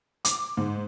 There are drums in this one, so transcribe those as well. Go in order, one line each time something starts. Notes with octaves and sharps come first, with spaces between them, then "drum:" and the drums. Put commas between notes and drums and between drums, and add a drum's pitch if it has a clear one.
D6, drum: hi-hat
G#2